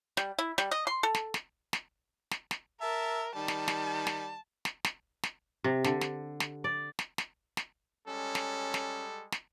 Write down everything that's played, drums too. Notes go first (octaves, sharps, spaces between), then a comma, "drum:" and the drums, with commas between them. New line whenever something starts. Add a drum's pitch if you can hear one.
G3, drum: snare
E4
G3, drum: snare
D#5
C6
A4
drum: snare
drum: snare
drum: snare
drum: snare
drum: snare
A#4 E5 A5
D#3 G3 A5
drum: snare
drum: snare
drum: snare
drum: snare
drum: snare
drum: snare
C3
D3, drum: snare
drum: snare
drum: snare
D5
drum: snare
drum: snare
drum: snare
G3 G#3 C#4 A4
drum: snare
drum: snare
drum: snare